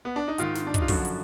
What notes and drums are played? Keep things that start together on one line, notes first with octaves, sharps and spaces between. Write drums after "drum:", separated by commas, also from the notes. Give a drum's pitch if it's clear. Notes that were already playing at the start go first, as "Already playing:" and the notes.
B3
D4
D#4
G#2 D#3 F4, drum: hi-hat
drum: snare
D4
D#4, drum: kick, hi-hat
F4
F#2 D3 F3 F#4, drum: kick, open hi-hat
drum: hi-hat